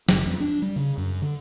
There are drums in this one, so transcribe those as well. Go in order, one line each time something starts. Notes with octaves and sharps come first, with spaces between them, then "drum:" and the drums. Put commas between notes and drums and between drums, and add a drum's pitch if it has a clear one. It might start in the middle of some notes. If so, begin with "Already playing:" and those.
F#1, drum: snare
F2
D4
G3
C#3
F#2
D3